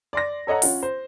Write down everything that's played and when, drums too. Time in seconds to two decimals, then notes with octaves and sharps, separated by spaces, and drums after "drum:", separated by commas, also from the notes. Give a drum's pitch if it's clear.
0.13 D5 C6 A#6
0.47 A4 C#5 D#5 F#5 A#5
0.62 C#4 F4 F#5, drum: open hi-hat
0.83 C5